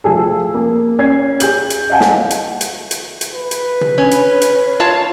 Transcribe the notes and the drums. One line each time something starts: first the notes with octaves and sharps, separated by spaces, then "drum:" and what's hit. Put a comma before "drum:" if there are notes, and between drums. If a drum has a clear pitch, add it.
F3 A3 G#4 A4
A#3
C#4 G#6 C7
G#4 G6 F#7, drum: hi-hat
drum: hi-hat
D#5 F5 F#5 G#5 A5
drum: snare
drum: hi-hat
drum: hi-hat
drum: hi-hat
drum: hi-hat
B4
drum: hi-hat
drum: tom
C#4
drum: hi-hat
drum: hi-hat
F4 C#5 A5